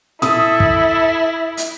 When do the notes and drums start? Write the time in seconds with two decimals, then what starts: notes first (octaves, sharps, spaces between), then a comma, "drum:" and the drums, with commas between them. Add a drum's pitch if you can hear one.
0.22 E4 A4 D#6, drum: tom
0.60 drum: kick
1.57 drum: hi-hat